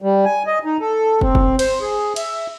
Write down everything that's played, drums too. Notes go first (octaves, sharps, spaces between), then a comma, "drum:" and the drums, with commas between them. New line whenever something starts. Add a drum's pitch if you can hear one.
G3
G#5
D#5
D#4
A4
C4, drum: kick
drum: kick
C5, drum: cymbal
G#4
E5, drum: cymbal